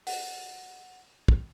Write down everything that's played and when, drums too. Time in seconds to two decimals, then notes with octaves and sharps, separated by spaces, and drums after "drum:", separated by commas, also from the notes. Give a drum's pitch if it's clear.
0.07 F#5, drum: open hi-hat
1.28 drum: kick